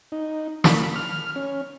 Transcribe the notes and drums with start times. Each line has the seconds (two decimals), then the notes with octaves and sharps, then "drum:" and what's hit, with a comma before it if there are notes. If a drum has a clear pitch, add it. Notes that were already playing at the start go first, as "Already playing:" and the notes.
0.12 D#4
0.64 B5, drum: snare
0.96 F6
1.36 C#4